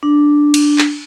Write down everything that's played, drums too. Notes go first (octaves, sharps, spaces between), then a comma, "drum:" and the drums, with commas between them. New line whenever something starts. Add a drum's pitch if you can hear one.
D4
drum: cymbal
drum: clap